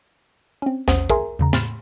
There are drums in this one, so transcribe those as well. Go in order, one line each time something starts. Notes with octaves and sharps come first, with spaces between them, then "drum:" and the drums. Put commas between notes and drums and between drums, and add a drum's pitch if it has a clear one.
C4 C#4
A#1 E2 C#4 C5 F#5 D#6, drum: snare
G#4 A#4 E5 G#5 A#5 C6, drum: kick
E2 C#3 A#5
A2 B5 C6 F6 A6 E7, drum: snare